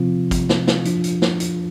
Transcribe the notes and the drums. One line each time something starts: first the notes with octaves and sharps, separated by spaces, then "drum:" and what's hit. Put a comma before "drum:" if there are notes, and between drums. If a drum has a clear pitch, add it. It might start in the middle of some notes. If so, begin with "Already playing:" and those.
Already playing: C3 F3 C4 F4
drum: kick, hi-hat
drum: snare
drum: snare
F3 D4 F4, drum: hi-hat
drum: hi-hat
drum: snare
drum: hi-hat